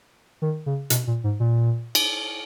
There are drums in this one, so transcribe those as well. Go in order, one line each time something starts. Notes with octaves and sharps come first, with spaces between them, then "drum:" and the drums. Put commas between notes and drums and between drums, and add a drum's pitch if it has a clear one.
D#3
C#3
B2, drum: hi-hat
A#2
G#2
A#2
drum: cymbal